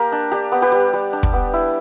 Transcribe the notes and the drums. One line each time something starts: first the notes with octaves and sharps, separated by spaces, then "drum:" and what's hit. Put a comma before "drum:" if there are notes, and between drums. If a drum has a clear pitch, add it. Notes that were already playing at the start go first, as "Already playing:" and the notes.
Already playing: A#3 G4 A#4
D4
D4 G4
B3
G4 B4
G3
G3
D4
drum: kick
B3
E4